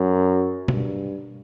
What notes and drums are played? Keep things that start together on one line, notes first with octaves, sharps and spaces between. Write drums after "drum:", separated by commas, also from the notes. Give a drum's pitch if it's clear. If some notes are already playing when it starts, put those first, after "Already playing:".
Already playing: F#2
G2, drum: tom B2